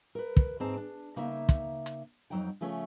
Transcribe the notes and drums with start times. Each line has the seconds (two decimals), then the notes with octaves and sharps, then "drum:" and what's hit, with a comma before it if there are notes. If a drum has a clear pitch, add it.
0.15 A#4 B4
0.37 drum: kick
0.60 G#2 C4 G#4 C5 A5 A#5
0.77 D4
1.16 C#3 A#3 D#4 E5
1.49 drum: kick, hi-hat
1.86 drum: hi-hat
2.30 F2 G#2 F#3 D#4 F#5 G5
2.61 C#3 F3 A3 C#4 G#4 C#5